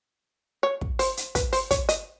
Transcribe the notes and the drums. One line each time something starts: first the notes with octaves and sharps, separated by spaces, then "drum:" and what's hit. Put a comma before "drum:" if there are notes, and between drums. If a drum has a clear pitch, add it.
C#5
drum: kick
C5, drum: open hi-hat
drum: hi-hat
B4, drum: kick, hi-hat
C5, drum: open hi-hat
C#5, drum: kick, hi-hat
D#5, drum: hi-hat